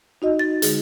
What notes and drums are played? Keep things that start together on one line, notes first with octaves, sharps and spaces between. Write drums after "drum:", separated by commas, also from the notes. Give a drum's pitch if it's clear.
D#4 F#4 D#5
A6
D3 G#3 G#4, drum: hi-hat